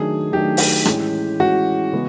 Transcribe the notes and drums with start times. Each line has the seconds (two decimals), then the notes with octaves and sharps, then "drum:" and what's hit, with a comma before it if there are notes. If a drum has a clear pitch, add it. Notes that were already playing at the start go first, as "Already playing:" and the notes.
Already playing: D#3 F#3 A3 D4 G#4
0.32 D#3 F#3 A3 D4 G4
0.57 drum: open hi-hat
0.85 A2 E3 G#3 C#4, drum: rim click
1.40 A2 E3 G#3 C#4 F#4
1.93 C#3 E3 G#3 B3